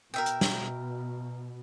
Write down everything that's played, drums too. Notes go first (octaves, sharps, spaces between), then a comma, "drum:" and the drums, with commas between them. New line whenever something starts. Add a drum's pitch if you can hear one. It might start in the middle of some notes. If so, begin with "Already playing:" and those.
B2 A#4 E5 G5
drum: hi-hat
drum: snare